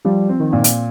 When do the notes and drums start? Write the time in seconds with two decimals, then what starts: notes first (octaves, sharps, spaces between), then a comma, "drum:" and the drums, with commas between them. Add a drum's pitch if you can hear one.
0.05 F3 G3
0.29 C4
0.40 D#3
0.53 A#2
0.64 drum: hi-hat